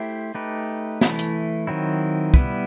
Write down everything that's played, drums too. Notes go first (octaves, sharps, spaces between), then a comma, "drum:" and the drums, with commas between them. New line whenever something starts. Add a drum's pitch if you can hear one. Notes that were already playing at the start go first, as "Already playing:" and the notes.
Already playing: A3 E4 G4 C5
A3 D#4 G4 B4
E3 A3 E4, drum: snare
drum: hi-hat
D#3 F#3 C4 E4
G3 B3 E4 B4, drum: kick